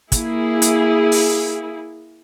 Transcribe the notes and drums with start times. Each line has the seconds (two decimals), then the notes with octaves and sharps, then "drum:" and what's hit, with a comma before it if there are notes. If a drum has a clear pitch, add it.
0.12 A#3 E4 G#4, drum: kick, hi-hat
0.62 drum: hi-hat
1.12 drum: open hi-hat